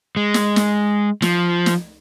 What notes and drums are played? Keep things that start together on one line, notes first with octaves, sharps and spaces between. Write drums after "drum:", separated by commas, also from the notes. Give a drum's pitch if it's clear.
G#3
drum: snare
drum: snare
F3, drum: snare
drum: snare